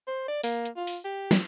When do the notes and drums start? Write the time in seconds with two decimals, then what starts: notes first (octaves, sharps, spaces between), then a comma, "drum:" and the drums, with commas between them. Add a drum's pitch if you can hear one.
0.07 C5
0.28 D5
0.43 A#3, drum: open hi-hat
0.65 drum: hi-hat
0.77 F4
0.87 drum: open hi-hat
1.04 G4
1.31 drum: snare